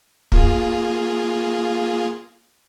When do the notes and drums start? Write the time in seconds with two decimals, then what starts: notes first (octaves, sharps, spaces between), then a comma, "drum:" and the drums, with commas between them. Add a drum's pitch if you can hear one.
0.32 A#3 F4 G#4, drum: kick